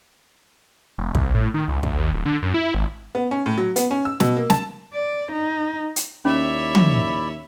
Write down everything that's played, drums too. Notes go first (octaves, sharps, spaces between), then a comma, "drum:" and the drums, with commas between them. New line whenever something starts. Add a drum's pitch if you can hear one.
E1
C2, drum: kick
A2
D#3
C#2
D2, drum: kick
D#2
D1
D3
F#2
E4
G#1
B3
C#4
A2
F#3
B3, drum: hi-hat
C#4
E6
B2, drum: snare
A#3
A5, drum: snare
D5
D#4
drum: hi-hat
D#2 C#4 E4 C#5 D5 E5 B5
drum: tom